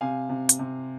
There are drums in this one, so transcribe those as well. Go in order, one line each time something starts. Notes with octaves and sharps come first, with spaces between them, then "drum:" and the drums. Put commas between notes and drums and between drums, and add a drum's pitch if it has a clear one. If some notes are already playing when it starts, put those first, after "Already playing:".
C3 F5 G#5
C3
drum: hi-hat
C3